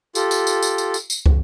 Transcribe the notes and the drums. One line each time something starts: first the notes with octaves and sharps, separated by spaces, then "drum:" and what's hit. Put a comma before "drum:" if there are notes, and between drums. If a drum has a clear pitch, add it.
F4 G4 A4, drum: tambourine
drum: tambourine
drum: tambourine
drum: tambourine
drum: tambourine
drum: tambourine
drum: tambourine
drum: kick